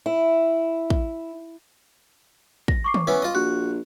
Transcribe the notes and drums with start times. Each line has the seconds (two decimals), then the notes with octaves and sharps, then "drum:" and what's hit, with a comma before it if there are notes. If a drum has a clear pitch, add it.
0.06 E4
0.90 drum: kick
2.68 A#6, drum: kick
2.84 C#6 D6 C7
2.94 drum: tom D#3
3.07 E3 B3 C#4
3.22 F4 D#5
3.35 A#1 F#4 F#6